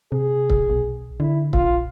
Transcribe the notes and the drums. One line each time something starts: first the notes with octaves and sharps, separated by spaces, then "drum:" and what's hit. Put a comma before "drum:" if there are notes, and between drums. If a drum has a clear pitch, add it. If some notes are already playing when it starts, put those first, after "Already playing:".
C3 G#4
drum: kick
B1
D3 E4
A#1 F4, drum: kick